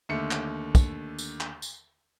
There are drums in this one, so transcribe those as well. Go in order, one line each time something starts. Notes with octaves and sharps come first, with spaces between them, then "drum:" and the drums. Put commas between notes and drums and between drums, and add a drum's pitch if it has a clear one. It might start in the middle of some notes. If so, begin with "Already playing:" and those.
D#2 D3 A3 C#7
drum: clap
drum: kick, tambourine
drum: tambourine
drum: clap
drum: tambourine